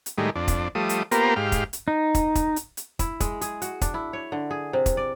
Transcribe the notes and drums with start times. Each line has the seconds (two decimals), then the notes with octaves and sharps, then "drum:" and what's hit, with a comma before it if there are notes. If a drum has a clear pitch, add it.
0.06 drum: hi-hat
0.18 A2 D#3 G3 G#3
0.35 F2 D4
0.48 drum: kick, hi-hat
0.75 F3 G3 A3 D#6
0.89 drum: hi-hat
1.11 A#3 B3 F4 G4 A#4 C5, drum: hi-hat
1.36 G#2 G4 F5
1.52 drum: kick, hi-hat
1.73 drum: hi-hat
1.88 D#4
2.15 drum: kick, hi-hat
2.35 drum: kick, hi-hat
2.56 drum: hi-hat
2.77 drum: hi-hat
2.99 E4, drum: kick, hi-hat
3.20 G#3, drum: kick, hi-hat
3.41 G#4, drum: hi-hat
3.62 F#4, drum: hi-hat
3.81 D4, drum: kick, hi-hat
3.94 E4
4.13 C#5
4.32 D3
4.51 G#4
4.73 C3
4.86 drum: kick, hi-hat
4.97 D5